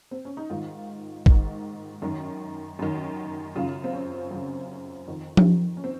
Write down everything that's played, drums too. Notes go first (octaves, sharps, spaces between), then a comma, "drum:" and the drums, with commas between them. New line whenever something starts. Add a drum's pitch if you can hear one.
C4
C#4
D#4
G#2 D#3 F4
G#2 D#3, drum: kick
F#2 D#3
F#2 D#3
F#2 C#3 F4
C4
C#4
F#2 C#3
F2 D#3
drum: tom F3
C#4
C4